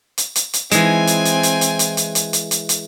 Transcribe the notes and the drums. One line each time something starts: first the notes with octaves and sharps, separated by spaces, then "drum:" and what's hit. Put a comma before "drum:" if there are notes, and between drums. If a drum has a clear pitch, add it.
drum: hi-hat
drum: hi-hat
drum: hi-hat
E3 G#3 C4 G#5, drum: hi-hat
drum: hi-hat
drum: hi-hat
drum: hi-hat
drum: hi-hat
drum: hi-hat
drum: hi-hat
drum: hi-hat
drum: hi-hat
drum: hi-hat
drum: hi-hat